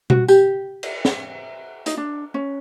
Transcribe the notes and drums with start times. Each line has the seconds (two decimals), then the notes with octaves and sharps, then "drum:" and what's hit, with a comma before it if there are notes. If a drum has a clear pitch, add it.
0.10 F#4, drum: tom B2
0.28 G4, drum: tambourine
0.83 drum: cymbal
1.05 drum: snare
1.86 D#4, drum: hi-hat
1.97 D4
2.34 C#4